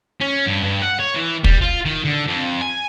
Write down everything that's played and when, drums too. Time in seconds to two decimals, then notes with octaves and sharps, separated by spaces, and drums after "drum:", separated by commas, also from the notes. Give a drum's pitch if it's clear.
0.21 C#4
0.47 G2
0.64 G2
0.82 F#5
1.00 C#5
1.16 E3
1.44 G3, drum: kick
1.61 F4
1.85 D#3
2.05 D3
2.27 F2
2.61 G#5